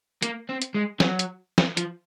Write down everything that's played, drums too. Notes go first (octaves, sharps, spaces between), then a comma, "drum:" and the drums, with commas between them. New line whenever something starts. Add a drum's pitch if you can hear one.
A#3, drum: hi-hat
C4
drum: hi-hat
G#3
F#3, drum: snare
drum: hi-hat
drum: snare
F3, drum: hi-hat